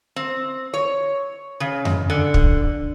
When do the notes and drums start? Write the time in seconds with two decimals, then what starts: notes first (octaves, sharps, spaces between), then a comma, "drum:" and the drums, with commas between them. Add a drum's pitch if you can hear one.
0.16 C4
0.74 C#5
1.60 C#3
1.85 drum: tom F2
2.10 D3
2.34 drum: kick